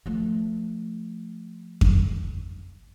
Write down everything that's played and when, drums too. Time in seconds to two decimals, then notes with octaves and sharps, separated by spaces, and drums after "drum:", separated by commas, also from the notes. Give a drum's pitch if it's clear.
0.06 F3 A3
1.81 drum: kick F2